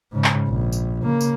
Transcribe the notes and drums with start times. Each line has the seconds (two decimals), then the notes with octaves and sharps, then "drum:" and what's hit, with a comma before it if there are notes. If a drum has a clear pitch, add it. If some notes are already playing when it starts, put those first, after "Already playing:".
0.12 G#2 C#3
0.24 drum: clap
0.48 A#1
0.72 drum: tambourine
1.02 C#3 A#3
1.21 drum: tambourine